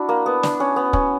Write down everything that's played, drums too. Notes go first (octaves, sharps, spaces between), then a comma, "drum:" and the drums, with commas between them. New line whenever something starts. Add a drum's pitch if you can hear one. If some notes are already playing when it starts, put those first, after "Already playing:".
Already playing: D4 E4 F#4
A#3
B3
D4, drum: snare
C#4
B3
C#4, drum: kick